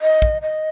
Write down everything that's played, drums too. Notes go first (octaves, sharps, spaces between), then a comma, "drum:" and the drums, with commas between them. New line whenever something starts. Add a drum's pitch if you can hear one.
D#5
drum: kick
D#5